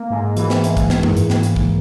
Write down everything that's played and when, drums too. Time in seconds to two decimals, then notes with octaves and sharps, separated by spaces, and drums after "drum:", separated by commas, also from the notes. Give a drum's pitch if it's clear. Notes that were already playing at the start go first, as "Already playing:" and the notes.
Already playing: A#3
0.10 G#2
0.37 E3, drum: hi-hat
0.50 drum: snare
0.64 G#2, drum: hi-hat
0.77 drum: kick, hi-hat
0.90 drum: snare
1.03 drum: tom F#2
1.17 drum: hi-hat
1.30 drum: snare
1.43 drum: hi-hat
1.56 drum: kick